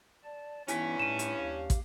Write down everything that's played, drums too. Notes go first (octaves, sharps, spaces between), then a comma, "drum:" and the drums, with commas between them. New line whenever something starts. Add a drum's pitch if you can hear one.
D5 A5
G2 E3 B3 C#4 D#4 E4 G#5 B6, drum: hi-hat
A2 A3 D#4 D#7 E7
drum: hi-hat
D#2 G4 F5
drum: kick, hi-hat